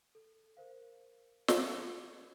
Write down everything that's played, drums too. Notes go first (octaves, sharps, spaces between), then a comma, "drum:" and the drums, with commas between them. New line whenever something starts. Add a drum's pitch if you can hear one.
A4
A#4 C5 F5
C#5, drum: snare